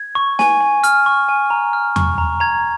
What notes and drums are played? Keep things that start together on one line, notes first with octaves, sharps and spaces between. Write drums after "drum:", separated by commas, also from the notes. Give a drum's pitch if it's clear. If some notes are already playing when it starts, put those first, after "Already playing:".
Already playing: G#6
C#6
G#5, drum: snare
G#5
F6, drum: hi-hat
C#6
G#5
A#5
F6
C#6, drum: tom E2
A#5
A#5 G#6